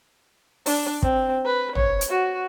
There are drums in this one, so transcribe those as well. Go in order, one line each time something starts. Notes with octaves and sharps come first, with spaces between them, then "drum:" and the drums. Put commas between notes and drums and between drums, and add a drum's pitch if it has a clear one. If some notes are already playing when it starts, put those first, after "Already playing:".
D4, drum: open hi-hat
C4, drum: kick
B4
C#5, drum: tom
drum: hi-hat
F#4